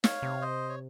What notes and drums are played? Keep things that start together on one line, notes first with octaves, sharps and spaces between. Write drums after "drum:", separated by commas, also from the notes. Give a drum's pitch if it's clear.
C#5 F5, drum: snare
C3
C5 D#5
C#5